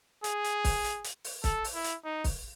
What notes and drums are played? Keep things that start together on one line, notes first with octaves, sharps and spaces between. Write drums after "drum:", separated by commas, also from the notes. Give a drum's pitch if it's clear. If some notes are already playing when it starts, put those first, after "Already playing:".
G#4, drum: hi-hat
drum: hi-hat
drum: kick, open hi-hat
drum: hi-hat
drum: hi-hat
drum: open hi-hat
A4, drum: kick, hi-hat
drum: open hi-hat
E4
drum: hi-hat
D#4
drum: kick, open hi-hat